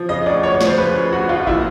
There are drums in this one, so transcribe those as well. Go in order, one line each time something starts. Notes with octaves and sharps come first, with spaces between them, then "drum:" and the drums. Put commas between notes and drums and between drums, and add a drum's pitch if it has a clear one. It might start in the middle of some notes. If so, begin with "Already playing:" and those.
Already playing: F3
C#3 D#5
D2 D5
D2 C#5
C#5
F3, drum: snare
C5
C#3 B4
D2
D2 F#4
F3 F4
A#2 E4, drum: kick G1